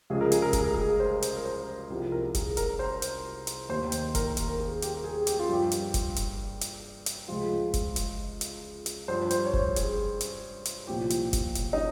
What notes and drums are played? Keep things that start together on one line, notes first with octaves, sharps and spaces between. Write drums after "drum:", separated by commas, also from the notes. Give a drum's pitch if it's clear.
C#2 C#3 F3 G#4
A#4
G#4, drum: hi-hat
A#4
G#4, drum: kick, hi-hat
A#4
G#4
C5
drum: hi-hat
A#4
C5
C2 C3 F3
A#4
G#4, drum: kick, hi-hat
A#4, drum: hi-hat
C5
drum: hi-hat
drum: hi-hat
D#2 D#3 C5
drum: hi-hat
A#4, drum: kick, hi-hat
drum: hi-hat
A#4
G#4
G4, drum: hi-hat
A#4
G#4
G4, drum: hi-hat
F4
G2 F3 G4
drum: hi-hat
drum: kick, hi-hat
drum: hi-hat
drum: hi-hat
drum: hi-hat
C#2 C#3 F3 F4
drum: kick, hi-hat
drum: hi-hat
drum: hi-hat
drum: hi-hat
G2 F3 C5
C5, drum: hi-hat
C#5
C5, drum: kick
G#4, drum: hi-hat
drum: hi-hat
drum: hi-hat
C2 A#2 F3 G4
drum: hi-hat
drum: kick, hi-hat
drum: hi-hat
D#4